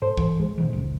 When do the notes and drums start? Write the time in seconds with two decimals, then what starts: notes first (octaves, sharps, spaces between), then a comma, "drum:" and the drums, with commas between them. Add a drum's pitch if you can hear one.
0.02 G#2 A4 C5
0.17 E3, drum: kick
0.40 G#3
0.58 A#2 D#3 E3
0.73 F1 C#2